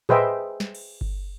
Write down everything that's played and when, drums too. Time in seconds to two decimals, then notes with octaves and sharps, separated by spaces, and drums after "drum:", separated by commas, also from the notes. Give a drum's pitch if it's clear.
0.09 G#4 B4 C5 D#5 E5 G5, drum: tom A2
0.60 drum: snare
0.75 drum: cymbal
1.01 drum: kick G1